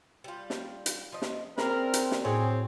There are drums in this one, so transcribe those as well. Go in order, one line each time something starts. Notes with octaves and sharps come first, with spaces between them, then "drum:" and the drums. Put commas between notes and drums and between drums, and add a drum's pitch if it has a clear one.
G3 F4
drum: snare
drum: hi-hat
F3 D#5
drum: snare
C4 D4 G#4 A#4 B5 C6, drum: snare
drum: hi-hat
drum: snare
A2 C4 F#4 G#4 C#5